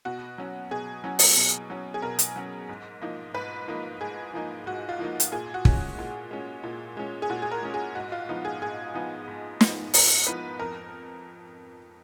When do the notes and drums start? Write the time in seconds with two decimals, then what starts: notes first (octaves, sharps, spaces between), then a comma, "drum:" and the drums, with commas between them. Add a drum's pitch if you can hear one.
0.05 B2 F#4
0.38 F#3 C#4
0.71 B2 G#4
1.04 F#3 C#4
1.19 drum: open hi-hat
1.37 B2
1.70 F#3 C#4
1.94 G#4
2.02 B2 A#4
2.19 drum: hi-hat
2.36 F#3 C#4
2.69 G#2
3.02 F3 A#3 D#4
3.34 G#2 B4
3.68 F3 A#3 D#4
4.01 G#2 G#4
4.33 F3 A#3 D#4
4.66 G#2 F#4
4.89 F4
4.99 F3 A#3 D#4
5.20 drum: hi-hat
5.32 A#2 G#4
5.54 F#4
5.65 G#3 C#4, drum: kick
5.99 A#2
6.31 G#3 C#4
6.64 A#2
6.97 G#3 C#4
7.22 G#4
7.30 A#2 F#4
7.42 G#4
7.52 A#4
7.63 G#3 C#4
7.74 G#4
7.95 G#2 F#4
8.12 F4
8.29 F3 B3 D#4
8.45 G#4
8.62 G#2 G#4
8.95 F3 B3 D#4
9.28 G#2
9.61 F3 B3 D#4, drum: snare
9.94 G#2 A#4, drum: open hi-hat
10.27 F3 B3 D#4 B4
10.59 F2 A#4